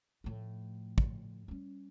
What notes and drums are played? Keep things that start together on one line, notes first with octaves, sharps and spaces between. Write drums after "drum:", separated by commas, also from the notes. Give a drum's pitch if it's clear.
A2 F3
drum: kick
G3 C#4